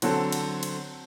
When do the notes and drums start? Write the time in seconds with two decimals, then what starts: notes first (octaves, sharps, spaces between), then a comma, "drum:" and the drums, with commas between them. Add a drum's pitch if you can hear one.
0.02 D3 F#3 C4 A4 C5, drum: cymbal
0.32 drum: cymbal
0.63 drum: cymbal